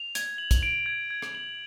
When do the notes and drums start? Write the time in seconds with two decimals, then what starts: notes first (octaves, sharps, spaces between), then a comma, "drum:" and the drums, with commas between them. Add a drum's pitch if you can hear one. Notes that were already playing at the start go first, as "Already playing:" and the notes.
Already playing: F7
0.15 G#6, drum: hi-hat
0.38 F#7
0.51 drum: kick, hi-hat
0.63 D7
0.86 G#6
1.11 G#6
1.22 drum: rim click
1.35 F#7